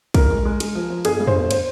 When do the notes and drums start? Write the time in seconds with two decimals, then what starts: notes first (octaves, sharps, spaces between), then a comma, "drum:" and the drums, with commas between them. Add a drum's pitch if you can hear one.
0.14 F3 A#4, drum: kick, cymbal
0.30 G#3
0.45 G#3
0.60 G#3, drum: cymbal
0.75 F3
0.90 F3
1.05 G1 G#4, drum: cymbal
1.20 G2
1.27 C5, drum: tom
1.35 G1
1.51 C5, drum: cymbal